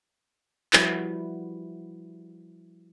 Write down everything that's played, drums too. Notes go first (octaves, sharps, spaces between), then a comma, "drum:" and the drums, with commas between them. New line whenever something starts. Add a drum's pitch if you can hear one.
F3 G3 E4 F#4 B4, drum: clap